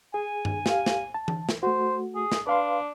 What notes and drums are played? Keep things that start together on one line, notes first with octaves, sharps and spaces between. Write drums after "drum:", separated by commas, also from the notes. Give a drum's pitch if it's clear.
G#4 G#5
drum: tom G2
G4 F5, drum: snare
drum: snare
A5
drum: tom E3
drum: snare
A3 F#4 C5
G#4
drum: snare
D4 B4 F5 C6